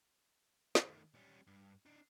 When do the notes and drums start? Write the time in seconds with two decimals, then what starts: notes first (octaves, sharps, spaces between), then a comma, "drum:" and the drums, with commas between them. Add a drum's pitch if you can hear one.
0.75 D#3 A3, drum: snare
1.15 G3 C#4
1.47 G2
1.86 D4 D#4